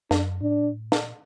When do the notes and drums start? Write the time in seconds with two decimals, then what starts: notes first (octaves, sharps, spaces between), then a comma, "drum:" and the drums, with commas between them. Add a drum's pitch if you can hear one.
0.11 F#2 D4, drum: snare
0.42 A2 D4
0.60 A#2
0.73 A2
0.92 A#2, drum: snare